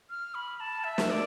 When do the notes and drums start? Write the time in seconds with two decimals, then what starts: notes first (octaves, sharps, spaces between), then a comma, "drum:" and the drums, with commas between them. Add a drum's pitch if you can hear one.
0.10 F6
0.35 B5
0.60 A5
0.84 E5
0.98 drum: snare
1.10 D5